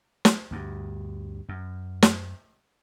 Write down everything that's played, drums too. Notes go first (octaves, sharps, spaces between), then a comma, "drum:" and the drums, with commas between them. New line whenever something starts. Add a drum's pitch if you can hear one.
drum: snare
D2 G2
F#2
drum: snare